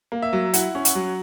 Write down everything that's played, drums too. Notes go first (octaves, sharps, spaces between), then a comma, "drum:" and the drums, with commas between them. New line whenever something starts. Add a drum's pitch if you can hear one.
A#3
E5
F#3
E4 F#5, drum: hi-hat
C#4
F#5, drum: hi-hat
F#3